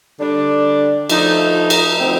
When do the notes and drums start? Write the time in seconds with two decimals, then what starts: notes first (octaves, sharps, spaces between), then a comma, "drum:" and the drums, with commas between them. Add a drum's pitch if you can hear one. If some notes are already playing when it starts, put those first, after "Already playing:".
0.18 D3 G3 D4
1.10 F3 A3 D#4, drum: cymbal
1.70 drum: cymbal
2.00 D3 F3 A3 C4